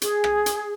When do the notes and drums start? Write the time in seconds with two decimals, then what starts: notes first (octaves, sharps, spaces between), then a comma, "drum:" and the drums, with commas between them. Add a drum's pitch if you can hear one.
0.02 G#4, drum: hi-hat
0.24 drum: rim click
0.46 drum: hi-hat